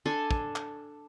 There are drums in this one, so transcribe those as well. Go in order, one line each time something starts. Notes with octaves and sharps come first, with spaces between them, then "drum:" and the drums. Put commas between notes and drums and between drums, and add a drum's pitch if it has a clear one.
D4 A4 G#5 C6
drum: kick
drum: clap